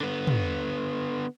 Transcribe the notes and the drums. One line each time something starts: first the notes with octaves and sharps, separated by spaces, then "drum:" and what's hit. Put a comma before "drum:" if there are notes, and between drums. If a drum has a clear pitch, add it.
D3 B3
drum: tom